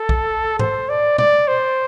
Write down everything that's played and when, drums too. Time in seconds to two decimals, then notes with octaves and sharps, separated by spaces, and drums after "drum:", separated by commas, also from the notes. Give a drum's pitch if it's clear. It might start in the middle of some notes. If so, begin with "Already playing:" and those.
Already playing: A4
0.09 drum: kick B1
0.59 C5, drum: tom G#2
0.89 D5
1.18 D5, drum: tom
1.48 C5